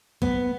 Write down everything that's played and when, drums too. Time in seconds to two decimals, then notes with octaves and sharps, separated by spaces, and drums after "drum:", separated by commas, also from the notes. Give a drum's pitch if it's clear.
0.22 B3, drum: kick A#1